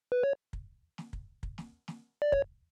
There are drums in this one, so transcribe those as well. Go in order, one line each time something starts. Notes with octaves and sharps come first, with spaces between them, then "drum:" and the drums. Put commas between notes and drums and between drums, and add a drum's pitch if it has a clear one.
B4
C#5
drum: kick
drum: snare
drum: kick
drum: kick
drum: snare
drum: snare
D5
C#5, drum: kick